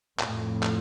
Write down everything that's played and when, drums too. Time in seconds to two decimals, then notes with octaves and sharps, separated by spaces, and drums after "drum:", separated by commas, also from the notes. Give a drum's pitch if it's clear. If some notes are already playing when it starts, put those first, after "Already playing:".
0.19 F2 A2, drum: clap
0.63 drum: clap